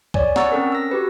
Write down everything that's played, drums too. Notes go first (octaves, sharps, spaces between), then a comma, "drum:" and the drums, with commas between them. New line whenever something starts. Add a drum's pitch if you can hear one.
C#5 D5 G#5, drum: kick
F#5 A#5 C#6 E6 A6, drum: snare
C4 C#4 A4 A#4
E6 A#6
F#4 G4 B4